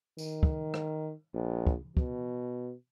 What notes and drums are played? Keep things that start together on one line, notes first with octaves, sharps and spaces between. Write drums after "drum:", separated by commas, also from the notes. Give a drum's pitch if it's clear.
D#3, drum: tambourine
drum: kick
drum: rim click
A#1
drum: kick
B2, drum: kick